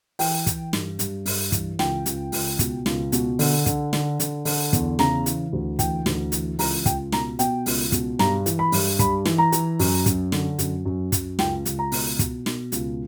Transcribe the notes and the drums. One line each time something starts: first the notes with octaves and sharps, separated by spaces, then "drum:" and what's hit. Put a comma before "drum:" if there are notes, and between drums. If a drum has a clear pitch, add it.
E3 G5, drum: open hi-hat
E3, drum: kick, hi-hat
G2, drum: snare
G2, drum: hi-hat
G2, drum: open hi-hat
E3, drum: kick, hi-hat
C#2 G5, drum: snare
C#2, drum: hi-hat
C#2, drum: open hi-hat
B2, drum: kick, hi-hat
C#2, drum: snare
B2, drum: hi-hat
D3, drum: open hi-hat
D3, drum: kick, hi-hat
D3, drum: snare
D3, drum: hi-hat
D3, drum: open hi-hat
E2, drum: kick, hi-hat
C#3 A#5, drum: snare
E3, drum: hi-hat
D2
E3 G5, drum: kick, hi-hat
D2, drum: snare
E3, drum: hi-hat
C#2 A#5, drum: open hi-hat
C#2 G5, drum: kick, hi-hat
B2 A#5, drum: snare
B2 G5, drum: hi-hat
C#2, drum: open hi-hat
B2, drum: kick, hi-hat
G2 A#5, drum: snare
E3, drum: hi-hat
B5
G2, drum: open hi-hat
G2 B5, drum: kick, hi-hat
E3, drum: snare
A#5
E3, drum: hi-hat
F#2, drum: open hi-hat
F#2, drum: kick, hi-hat
D3, drum: snare
F#2, drum: hi-hat
F#2
F#2, drum: kick, hi-hat
C#2 G5, drum: snare
C#2, drum: hi-hat
A#5
B2, drum: open hi-hat
B2, drum: kick, hi-hat
B2, drum: snare
C#2, drum: hi-hat